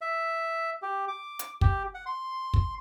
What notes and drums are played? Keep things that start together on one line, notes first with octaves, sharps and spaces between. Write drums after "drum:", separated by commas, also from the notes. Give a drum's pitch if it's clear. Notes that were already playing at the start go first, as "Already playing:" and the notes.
E5
G4
D6
drum: hi-hat
G4, drum: kick
F#5
C6
drum: kick